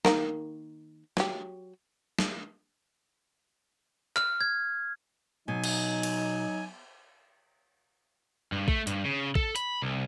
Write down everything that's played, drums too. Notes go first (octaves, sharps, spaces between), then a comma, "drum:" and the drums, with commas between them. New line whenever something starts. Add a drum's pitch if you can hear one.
D#3 A#3 A#4, drum: snare
F#3 G4, drum: snare
drum: snare
F6, drum: clap
G#6
B2 F#3 D#4 G#5
drum: cymbal
drum: cymbal
G2
A3, drum: kick A1
G2, drum: hi-hat
C#3
A4, drum: kick A1
B5, drum: hi-hat
C2